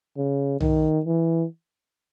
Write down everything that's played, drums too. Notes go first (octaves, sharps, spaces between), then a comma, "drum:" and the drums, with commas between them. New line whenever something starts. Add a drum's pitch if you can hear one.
C#3
D#3, drum: tom
E3